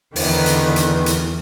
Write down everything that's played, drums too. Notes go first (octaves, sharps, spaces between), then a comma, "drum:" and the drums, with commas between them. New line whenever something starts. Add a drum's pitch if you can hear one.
E2 D3 D#3 B4, drum: open hi-hat
drum: hi-hat
drum: hi-hat
drum: hi-hat